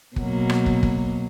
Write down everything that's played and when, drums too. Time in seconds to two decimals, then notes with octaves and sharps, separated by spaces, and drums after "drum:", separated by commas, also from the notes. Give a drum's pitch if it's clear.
0.16 B2 F#3 A#3, drum: kick
0.50 drum: rim click
0.66 drum: kick
0.83 drum: kick